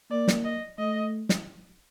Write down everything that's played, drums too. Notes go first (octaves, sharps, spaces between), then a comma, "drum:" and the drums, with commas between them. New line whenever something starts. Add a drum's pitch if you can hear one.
A#3 D5
drum: snare
D#5
A3 D#5
drum: snare